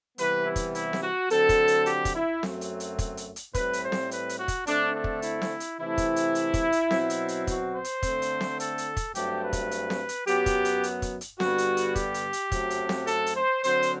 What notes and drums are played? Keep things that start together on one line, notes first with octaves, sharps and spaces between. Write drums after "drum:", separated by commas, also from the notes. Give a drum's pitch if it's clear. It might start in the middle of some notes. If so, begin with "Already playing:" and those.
C3 E3 G3 B3 B4, drum: hi-hat
E4
drum: kick, hi-hat
E4, drum: hi-hat
drum: snare C4
F#4
D3 F#3 C4 A4, drum: hi-hat
drum: kick, hi-hat
drum: hi-hat
G4, drum: hi-hat
drum: kick, hi-hat
E4
F#2 F#3 A3 C4, drum: snare C4
drum: hi-hat
drum: hi-hat
drum: kick, hi-hat
drum: hi-hat
drum: hi-hat
A2 G3 C4 B4, drum: kick, hi-hat
drum: hi-hat
C5
drum: snare C4
B4, drum: hi-hat
drum: hi-hat
F#4
drum: kick, hi-hat
D3 A3 C4 D4, drum: hi-hat
D4
drum: kick
E4, drum: hi-hat
drum: snare C4
drum: hi-hat
C3 E3 A3 C4 E4
drum: kick, hi-hat
drum: hi-hat
drum: hi-hat
drum: kick, hi-hat
drum: hi-hat
B2 F#3 C4, drum: snare C4
drum: hi-hat
drum: hi-hat
F#4, drum: kick, hi-hat
C5
drum: hi-hat
D3 A3 C4, drum: kick, hi-hat
drum: hi-hat
drum: snare C4
A4, drum: hi-hat
drum: hi-hat
drum: kick, hi-hat
G2 F#3 A3 C4 G4, drum: hi-hat
B4
drum: kick, hi-hat
drum: hi-hat
drum: snare C4
drum: hi-hat
F#2 F#3 B3 G4, drum: hi-hat
drum: kick, hi-hat
drum: hi-hat
drum: hi-hat
drum: kick, hi-hat
drum: hi-hat
G2 D3 G3 B3 F#4, drum: snare C4
drum: hi-hat
drum: hi-hat
G4, drum: kick, hi-hat
drum: hi-hat
drum: hi-hat
F#2 F#3 A3 C4, drum: kick, hi-hat
drum: hi-hat
drum: snare C4
A4, drum: hi-hat
drum: hi-hat
C5
D3 F#3 C4 C5, drum: hi-hat
drum: hi-hat